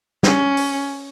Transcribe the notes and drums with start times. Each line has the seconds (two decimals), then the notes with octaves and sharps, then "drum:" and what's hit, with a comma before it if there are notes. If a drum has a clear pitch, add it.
0.23 C#4, drum: snare
0.57 drum: open hi-hat